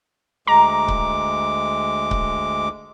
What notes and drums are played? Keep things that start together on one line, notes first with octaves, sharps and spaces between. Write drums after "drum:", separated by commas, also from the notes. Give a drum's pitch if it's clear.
D2 G#3 A#5 D6
drum: kick C#1
drum: kick C#1